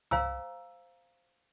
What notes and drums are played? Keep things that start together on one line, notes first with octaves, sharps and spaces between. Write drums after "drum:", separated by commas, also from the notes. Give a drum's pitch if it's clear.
C5 F5 G#5 A#5 E6, drum: tom C2